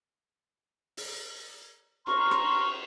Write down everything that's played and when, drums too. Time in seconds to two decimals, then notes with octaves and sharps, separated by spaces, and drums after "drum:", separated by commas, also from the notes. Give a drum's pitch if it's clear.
0.97 drum: open hi-hat
2.07 A#5 C6 C#6 F6, drum: cymbal
2.31 drum: rim click